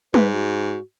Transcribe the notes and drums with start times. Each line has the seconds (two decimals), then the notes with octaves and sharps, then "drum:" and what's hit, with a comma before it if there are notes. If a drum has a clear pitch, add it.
0.14 G#2 B4, drum: tom G3
0.33 F#4